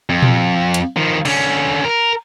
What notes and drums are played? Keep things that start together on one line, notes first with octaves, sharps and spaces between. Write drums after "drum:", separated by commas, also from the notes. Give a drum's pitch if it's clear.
F2
drum: tom A#2
drum: hi-hat
D#3 F3
D3 C#4, drum: cymbal
A#4